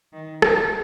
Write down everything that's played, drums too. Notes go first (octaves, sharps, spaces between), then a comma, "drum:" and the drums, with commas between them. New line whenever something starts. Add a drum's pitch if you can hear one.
D#3
drum: rim click